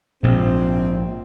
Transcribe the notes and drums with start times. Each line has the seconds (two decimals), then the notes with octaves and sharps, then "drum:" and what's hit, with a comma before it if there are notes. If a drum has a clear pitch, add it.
0.23 A#1 G#2 C4, drum: tom A#2